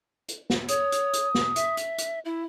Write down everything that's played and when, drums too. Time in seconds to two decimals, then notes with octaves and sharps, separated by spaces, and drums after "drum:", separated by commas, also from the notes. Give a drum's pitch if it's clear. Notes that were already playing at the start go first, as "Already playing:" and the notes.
0.28 drum: hi-hat
0.50 drum: snare
0.68 C#5 D#6, drum: hi-hat
0.92 drum: hi-hat
1.13 drum: hi-hat
1.35 drum: snare
1.56 E5, drum: hi-hat
1.77 drum: hi-hat
1.98 drum: hi-hat
2.25 E4 E5